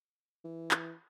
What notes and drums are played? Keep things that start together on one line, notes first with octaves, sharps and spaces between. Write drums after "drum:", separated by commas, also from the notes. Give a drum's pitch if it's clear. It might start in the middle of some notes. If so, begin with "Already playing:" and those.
E3
drum: clap